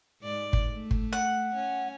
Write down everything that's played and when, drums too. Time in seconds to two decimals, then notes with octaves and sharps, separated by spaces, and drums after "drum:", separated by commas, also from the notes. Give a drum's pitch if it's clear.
0.22 G#2 D5
0.53 drum: kick G1
0.72 A3
0.91 drum: kick G1
1.13 F#5
1.55 C#4